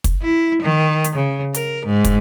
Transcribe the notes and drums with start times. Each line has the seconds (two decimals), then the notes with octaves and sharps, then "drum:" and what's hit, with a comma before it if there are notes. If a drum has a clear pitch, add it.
0.04 drum: kick, hi-hat
0.22 E4
0.63 D#3
1.04 drum: hi-hat
1.15 C#3
1.54 A#4, drum: hi-hat
1.86 G#2
2.04 drum: kick, hi-hat